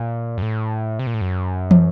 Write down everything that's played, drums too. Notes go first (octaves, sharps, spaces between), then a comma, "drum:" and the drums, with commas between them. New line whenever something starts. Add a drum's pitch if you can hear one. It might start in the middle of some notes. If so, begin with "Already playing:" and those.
Already playing: A#2
F#2
A2
C3
A#2
A2
F#2
drum: tom